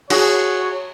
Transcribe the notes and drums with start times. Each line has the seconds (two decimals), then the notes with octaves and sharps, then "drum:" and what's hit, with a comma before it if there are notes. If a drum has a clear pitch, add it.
0.10 F#4 G#4 C#5, drum: cymbal